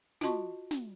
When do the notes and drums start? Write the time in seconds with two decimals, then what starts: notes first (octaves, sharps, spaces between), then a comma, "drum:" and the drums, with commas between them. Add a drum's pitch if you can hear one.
0.21 F4 F#4 D#5 A5 C6 C#6, drum: snare
0.71 drum: snare